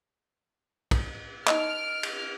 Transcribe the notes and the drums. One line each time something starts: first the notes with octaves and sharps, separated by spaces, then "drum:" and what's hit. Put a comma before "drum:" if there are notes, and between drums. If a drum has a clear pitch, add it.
drum: kick, cymbal
D#4 D#5 F6 D7, drum: clap
drum: cymbal